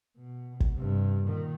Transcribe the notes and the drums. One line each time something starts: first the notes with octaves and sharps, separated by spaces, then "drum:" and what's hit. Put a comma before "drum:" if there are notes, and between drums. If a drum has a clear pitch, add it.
B2
drum: kick
G2 C3
A#2 D#3